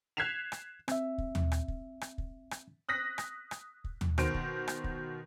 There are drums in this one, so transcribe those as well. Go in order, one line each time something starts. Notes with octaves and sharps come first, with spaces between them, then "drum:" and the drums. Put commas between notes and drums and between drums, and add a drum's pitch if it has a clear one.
F#6 G#6 B6 C7 E7 F7
drum: rim click
C4 E5, drum: rim click
drum: kick
drum: tom D#2
drum: rim click
drum: kick
drum: rim click
drum: kick
drum: rim click
D#6 F#6 A#6 B6
drum: rim click
drum: rim click
drum: kick
drum: tom D#2
B2 D#3 C5 D7, drum: rim click
drum: kick
drum: rim click
drum: kick